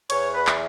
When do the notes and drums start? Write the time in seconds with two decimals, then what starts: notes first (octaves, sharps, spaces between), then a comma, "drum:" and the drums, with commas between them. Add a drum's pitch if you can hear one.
0.10 E2 C#5, drum: cymbal
0.34 B4
0.47 E3, drum: clap